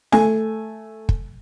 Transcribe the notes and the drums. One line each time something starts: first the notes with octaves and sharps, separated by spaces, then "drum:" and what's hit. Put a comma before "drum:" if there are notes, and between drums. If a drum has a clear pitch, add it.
A3 G#5, drum: snare
drum: kick